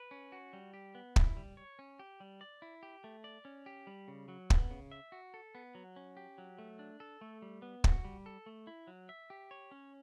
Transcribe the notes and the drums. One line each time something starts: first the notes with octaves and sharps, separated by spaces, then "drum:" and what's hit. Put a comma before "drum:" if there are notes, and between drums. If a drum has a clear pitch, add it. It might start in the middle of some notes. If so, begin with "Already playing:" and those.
Already playing: B4
C#4
F#4
G3
G4
B3
E4, drum: kick
G3
C#5
C#4
G4
G3
D5
E4
G4
A3
D5
C#4
G4
G3
C#3
F#3
B3, drum: kick
C#3
E5
F#4
A4
B3
F#3
C#4
G4
F#3
A3
D4
A4
A3
G3
B3
F#4, drum: kick
G3
A4
A3
E4
F#3
E5
G4
C#5
C#4